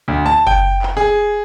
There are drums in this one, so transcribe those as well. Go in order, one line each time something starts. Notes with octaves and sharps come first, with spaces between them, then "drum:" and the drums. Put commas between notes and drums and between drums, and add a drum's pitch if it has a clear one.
D2
A5
G5, drum: kick F#1
drum: clap
G#4